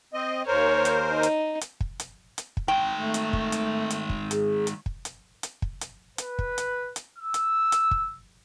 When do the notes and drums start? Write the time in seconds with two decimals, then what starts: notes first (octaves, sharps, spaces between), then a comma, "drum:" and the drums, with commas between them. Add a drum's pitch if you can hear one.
0.14 C4 D#5
0.47 D#2 A#4 C5 C#5
0.85 drum: hi-hat
1.10 D#4
1.23 drum: hi-hat
1.61 drum: hi-hat
1.80 drum: kick
2.00 drum: hi-hat
2.38 drum: hi-hat
2.57 drum: kick
2.68 D#3 G#3 G5
2.95 A3
3.14 drum: hi-hat
3.33 drum: kick
3.52 drum: hi-hat
3.90 drum: hi-hat
4.10 drum: kick
4.31 G#4, drum: hi-hat
4.67 drum: hi-hat
4.86 drum: kick
5.05 drum: hi-hat
5.43 drum: hi-hat
5.62 drum: kick
5.81 drum: hi-hat
6.18 B4, drum: hi-hat
6.39 drum: kick
6.58 drum: hi-hat
6.96 drum: hi-hat
7.18 E6
7.34 drum: hi-hat
7.72 drum: hi-hat
7.91 drum: kick